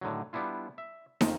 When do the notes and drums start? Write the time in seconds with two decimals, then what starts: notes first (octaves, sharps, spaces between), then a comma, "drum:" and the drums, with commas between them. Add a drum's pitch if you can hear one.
0.01 A2 D3 D#3 F#3
0.33 G3 B3 D4 E4 F4
0.78 E5
1.21 F2 D#3 F3 D#5, drum: snare